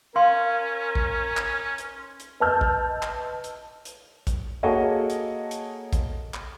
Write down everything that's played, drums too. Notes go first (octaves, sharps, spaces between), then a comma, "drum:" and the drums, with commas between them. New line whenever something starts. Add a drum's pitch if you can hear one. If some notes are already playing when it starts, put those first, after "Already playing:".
C#4 A#4 F5 C6
drum: kick A1
drum: clap
drum: hi-hat
drum: hi-hat
B4 D#5 A5 E6 F6 G6
drum: kick A1
drum: clap
drum: hi-hat
drum: hi-hat
drum: kick A1, hi-hat
A#3 F#4 G#4 A4 C#5 D#5
drum: hi-hat
drum: hi-hat
drum: kick A1, hi-hat
drum: clap